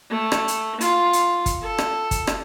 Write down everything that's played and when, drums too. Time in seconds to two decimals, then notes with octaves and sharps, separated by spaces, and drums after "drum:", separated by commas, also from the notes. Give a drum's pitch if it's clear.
0.10 A3
0.32 drum: rim click
0.48 drum: hi-hat
0.81 F4, drum: hi-hat
1.13 drum: hi-hat
1.46 drum: kick, hi-hat
1.62 A4
1.78 drum: rim click
2.11 drum: kick, hi-hat
2.27 drum: rim click